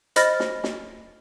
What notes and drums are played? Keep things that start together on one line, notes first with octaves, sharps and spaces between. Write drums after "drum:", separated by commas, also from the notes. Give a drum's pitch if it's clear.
C5 D#5 B5 F6 A6 A#6, drum: hi-hat
drum: snare
drum: snare